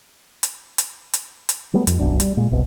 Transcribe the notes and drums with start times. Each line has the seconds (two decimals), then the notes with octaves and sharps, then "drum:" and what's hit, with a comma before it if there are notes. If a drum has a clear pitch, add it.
0.43 drum: hi-hat
0.78 drum: hi-hat
1.13 drum: hi-hat
1.49 drum: hi-hat
1.73 F#3 G3 A3 B3
1.87 F2, drum: hi-hat
1.99 D1 B1 F#2 D4
2.20 G3, drum: hi-hat
2.37 A#2 G#3
2.51 F#1 C2 B2